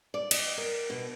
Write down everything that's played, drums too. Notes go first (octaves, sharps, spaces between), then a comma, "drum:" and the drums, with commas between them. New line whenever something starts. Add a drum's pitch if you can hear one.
D5
D#5, drum: cymbal
A#4
B2